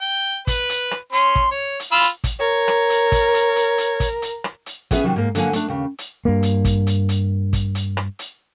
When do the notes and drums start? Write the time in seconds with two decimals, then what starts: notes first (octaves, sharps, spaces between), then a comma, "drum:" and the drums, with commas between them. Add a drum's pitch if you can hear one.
0.01 G5
0.47 B4, drum: kick, hi-hat
0.69 drum: hi-hat
0.91 drum: rim click
1.13 C#4 C6, drum: hi-hat
1.35 drum: kick
1.51 C#5
1.80 drum: hi-hat
1.92 F4 B5 E6
2.02 drum: hi-hat
2.24 drum: kick, hi-hat
2.39 A#4 C#5
2.68 drum: rim click
2.90 drum: hi-hat
3.12 drum: kick, hi-hat
3.34 drum: hi-hat
3.56 drum: hi-hat
3.78 drum: hi-hat
4.00 drum: kick, hi-hat
4.22 drum: hi-hat
4.44 drum: rim click
4.66 drum: hi-hat
4.91 B3 C#4 G#4 B4 E5, drum: kick, hi-hat
5.04 C3 D#3 F#3
5.16 G#2 A#3
5.35 D3 F#3 A#3 F#5 G#5, drum: hi-hat
5.53 A3 D4, drum: hi-hat
5.68 D#2 C#3
5.98 drum: hi-hat
6.25 G2 A#3
6.43 drum: hi-hat
6.65 drum: kick, hi-hat
6.87 drum: hi-hat
7.09 drum: hi-hat
7.53 drum: kick, hi-hat
7.75 drum: hi-hat
7.97 drum: rim click
8.19 drum: hi-hat